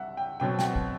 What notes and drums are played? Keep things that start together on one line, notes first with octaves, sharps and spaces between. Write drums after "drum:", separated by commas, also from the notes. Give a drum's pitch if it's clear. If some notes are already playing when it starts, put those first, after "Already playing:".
Already playing: C2 E5 F#5
G5
B2 F#3 C4 G5
G5, drum: snare
F#5
drum: kick